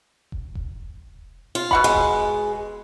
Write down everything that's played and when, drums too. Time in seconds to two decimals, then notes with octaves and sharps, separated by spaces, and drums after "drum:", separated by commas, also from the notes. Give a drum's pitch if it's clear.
0.32 drum: kick E1
0.55 drum: kick E1
1.55 F4
1.71 B2 F#5 B5, drum: kick E1
1.84 G#3
1.94 drum: kick E1